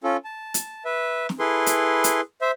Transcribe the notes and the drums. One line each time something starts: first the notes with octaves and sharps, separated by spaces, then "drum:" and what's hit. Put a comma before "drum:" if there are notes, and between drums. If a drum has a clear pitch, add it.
C#4 F4 A4
A5
drum: hi-hat
B4 E5
drum: snare
E4 G#4 A4 B4 C6
drum: hi-hat
drum: hi-hat
C5 E5